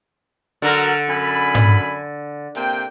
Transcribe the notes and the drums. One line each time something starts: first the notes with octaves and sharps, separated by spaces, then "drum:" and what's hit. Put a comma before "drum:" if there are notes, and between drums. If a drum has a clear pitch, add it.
D3 F#3 F#4 A#4, drum: hi-hat
F#2 G#5 B5
drum: tom G#2
C3 A#3 G5, drum: hi-hat